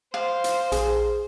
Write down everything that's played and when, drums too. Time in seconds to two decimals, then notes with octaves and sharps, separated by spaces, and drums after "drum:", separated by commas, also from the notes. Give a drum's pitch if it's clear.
0.14 C5 F5
0.44 drum: hi-hat
0.72 A#1 G#4, drum: hi-hat